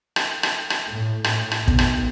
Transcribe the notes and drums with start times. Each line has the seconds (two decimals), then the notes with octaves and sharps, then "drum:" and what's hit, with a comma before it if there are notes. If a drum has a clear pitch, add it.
0.16 drum: rim click
0.43 drum: rim click
0.70 drum: rim click
0.90 A2
1.24 A2, drum: rim click
1.51 drum: rim click
1.68 B1, drum: kick
1.79 drum: rim click